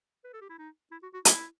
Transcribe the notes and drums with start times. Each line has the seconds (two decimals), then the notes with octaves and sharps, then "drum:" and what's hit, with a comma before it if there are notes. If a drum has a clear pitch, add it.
0.24 B4
0.34 A4
0.41 G4
0.50 E4
0.59 D#4
0.92 E4
1.03 F#4
1.14 F#4
1.25 E4, drum: hi-hat